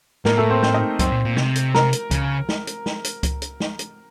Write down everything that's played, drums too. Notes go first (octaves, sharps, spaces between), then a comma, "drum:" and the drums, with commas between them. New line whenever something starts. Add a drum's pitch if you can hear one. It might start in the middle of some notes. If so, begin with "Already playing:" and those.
A2 A#3 A#4, drum: snare
A3 A4
C4 C5
C4 C5, drum: snare
D#4 D#5
F#2 C4 C5, drum: kick C#2, hi-hat
A#2
A#2
C3, drum: snare
drum: hi-hat
A#4 A#5, drum: snare
drum: hi-hat
C#3, drum: kick C#2, hi-hat
drum: snare
drum: hi-hat
drum: snare
drum: hi-hat
drum: kick C#2, hi-hat
drum: hi-hat
drum: snare
drum: hi-hat